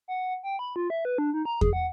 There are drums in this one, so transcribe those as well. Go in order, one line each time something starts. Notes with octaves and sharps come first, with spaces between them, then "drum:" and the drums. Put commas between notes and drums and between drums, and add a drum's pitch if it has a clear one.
F#5
G5
B5
F4
E5
B4
D4
D#4
A#5
G#4, drum: kick E2
F#5